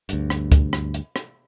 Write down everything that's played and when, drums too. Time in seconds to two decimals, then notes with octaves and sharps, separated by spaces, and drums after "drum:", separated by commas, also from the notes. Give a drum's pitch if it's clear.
0.09 D2 G2, drum: hi-hat
0.30 drum: rim click
0.52 drum: kick C#2, hi-hat
0.73 drum: rim click
0.94 drum: hi-hat
1.16 drum: rim click